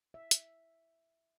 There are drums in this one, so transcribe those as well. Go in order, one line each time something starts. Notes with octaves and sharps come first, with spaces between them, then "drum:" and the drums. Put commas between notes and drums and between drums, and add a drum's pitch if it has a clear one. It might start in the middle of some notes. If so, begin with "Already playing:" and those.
E5
drum: hi-hat